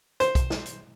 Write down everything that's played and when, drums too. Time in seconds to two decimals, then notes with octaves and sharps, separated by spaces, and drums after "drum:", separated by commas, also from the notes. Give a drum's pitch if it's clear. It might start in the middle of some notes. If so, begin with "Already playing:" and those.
0.20 C5, drum: hi-hat
0.35 drum: kick B1, hi-hat
0.50 drum: snare
0.66 drum: hi-hat